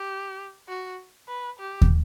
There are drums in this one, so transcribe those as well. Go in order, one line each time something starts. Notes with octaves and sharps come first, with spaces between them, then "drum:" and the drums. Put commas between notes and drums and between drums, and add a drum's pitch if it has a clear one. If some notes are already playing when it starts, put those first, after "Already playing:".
Already playing: G4
F#4
B4
G4
drum: kick